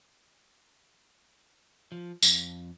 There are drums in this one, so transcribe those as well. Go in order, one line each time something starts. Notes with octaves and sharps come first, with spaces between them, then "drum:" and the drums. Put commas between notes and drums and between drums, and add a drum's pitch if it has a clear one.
F3
F2, drum: tambourine